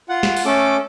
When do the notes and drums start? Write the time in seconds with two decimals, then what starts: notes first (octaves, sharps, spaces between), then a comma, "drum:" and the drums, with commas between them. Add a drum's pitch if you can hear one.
0.09 F4 F#5
0.23 drum: snare
0.37 drum: open hi-hat
0.46 A3 C#4 A4 D6